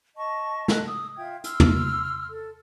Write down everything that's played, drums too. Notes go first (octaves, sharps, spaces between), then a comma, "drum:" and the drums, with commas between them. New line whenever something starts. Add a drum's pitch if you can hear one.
D#5 A5 C#6
D#5 A5 F#6, drum: snare
D#6 E6
F4 E5 G5 G#6
C6 E6 F6, drum: hi-hat
drum: tom
A4